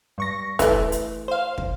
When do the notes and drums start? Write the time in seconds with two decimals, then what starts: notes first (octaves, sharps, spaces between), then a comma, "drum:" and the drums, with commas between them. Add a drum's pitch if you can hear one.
0.18 G2 C#6 A#6
0.59 E3 A3, drum: kick, hi-hat
0.92 drum: hi-hat
1.28 C5 F5
1.58 drum: kick